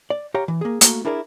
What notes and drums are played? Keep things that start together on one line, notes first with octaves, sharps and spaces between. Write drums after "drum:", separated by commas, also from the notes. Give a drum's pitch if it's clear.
D5
G4 C#5 F5 A#5
E3
A#3 G#4
A3 A#3 F#4 A4, drum: hi-hat
D4 E4 G#4 A#4 B4 D5